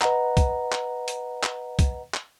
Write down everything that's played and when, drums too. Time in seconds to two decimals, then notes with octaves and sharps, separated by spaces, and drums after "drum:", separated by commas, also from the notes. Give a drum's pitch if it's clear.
0.01 B4 D#5 F#5 A#5, drum: clap
0.37 drum: kick, hi-hat
0.72 drum: clap
1.08 drum: hi-hat
1.43 drum: clap
1.79 drum: kick, hi-hat
2.14 drum: clap